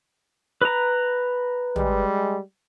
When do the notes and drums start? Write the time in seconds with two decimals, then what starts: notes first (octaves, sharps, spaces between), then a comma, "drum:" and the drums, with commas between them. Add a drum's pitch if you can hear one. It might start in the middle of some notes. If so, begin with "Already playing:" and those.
0.62 B4 A#5
1.76 G3 G#3, drum: tom